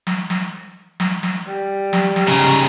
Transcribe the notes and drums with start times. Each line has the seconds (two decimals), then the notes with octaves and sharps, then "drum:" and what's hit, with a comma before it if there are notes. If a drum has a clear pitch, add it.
0.07 drum: snare
0.30 drum: snare
1.00 drum: snare
1.23 drum: snare
1.46 G3
1.93 drum: snare
2.16 drum: snare
2.28 C#3 D#4